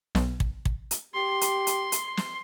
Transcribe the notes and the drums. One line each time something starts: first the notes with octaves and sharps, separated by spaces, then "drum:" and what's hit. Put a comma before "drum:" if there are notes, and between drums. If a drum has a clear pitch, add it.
B1, drum: snare
drum: kick
drum: kick
drum: hi-hat
G4 C6
drum: hi-hat
drum: hi-hat
drum: hi-hat
drum: snare